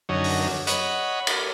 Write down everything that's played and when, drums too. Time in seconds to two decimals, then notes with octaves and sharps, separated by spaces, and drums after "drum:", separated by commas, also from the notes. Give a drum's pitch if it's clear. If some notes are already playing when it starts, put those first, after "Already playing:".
0.09 F#2 D3 F#3 C#4 D#4
0.24 drum: open hi-hat
0.67 C#5 D#5 F#5 B5, drum: hi-hat
1.27 drum: cymbal